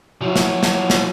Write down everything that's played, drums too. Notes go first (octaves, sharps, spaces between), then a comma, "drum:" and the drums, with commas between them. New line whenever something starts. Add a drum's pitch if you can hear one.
F3 F#3 E4
drum: snare
drum: snare
drum: snare